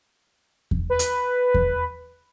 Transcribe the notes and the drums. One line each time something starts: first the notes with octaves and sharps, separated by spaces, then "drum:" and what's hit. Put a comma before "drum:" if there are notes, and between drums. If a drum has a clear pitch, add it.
drum: kick E2
B4
drum: hi-hat
drum: kick E2